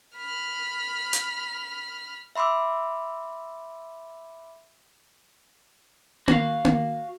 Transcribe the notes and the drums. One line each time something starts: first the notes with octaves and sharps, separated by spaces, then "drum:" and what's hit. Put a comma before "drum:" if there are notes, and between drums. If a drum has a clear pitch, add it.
B5 F6
drum: hi-hat
E5 B5 C6 D6 E6
F#4 F5, drum: tom A#3
drum: tom A#3